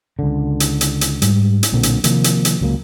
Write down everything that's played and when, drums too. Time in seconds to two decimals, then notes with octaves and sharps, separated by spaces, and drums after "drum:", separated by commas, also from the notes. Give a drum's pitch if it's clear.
0.19 C#2 D3
0.60 drum: hi-hat
0.81 drum: hi-hat
1.01 drum: hi-hat
1.22 G#2 G3, drum: hi-hat
1.63 drum: hi-hat
1.72 B1 A#2 D3 C4
1.83 drum: hi-hat
2.04 C3 D#3 F3 A#3, drum: hi-hat
2.24 drum: hi-hat
2.45 drum: hi-hat
2.61 C#2 F#3 A#3